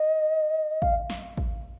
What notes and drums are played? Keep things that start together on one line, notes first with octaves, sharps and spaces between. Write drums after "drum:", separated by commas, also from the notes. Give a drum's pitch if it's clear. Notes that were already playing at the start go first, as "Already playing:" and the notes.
Already playing: D#5
F5, drum: kick A1
drum: snare
drum: kick A1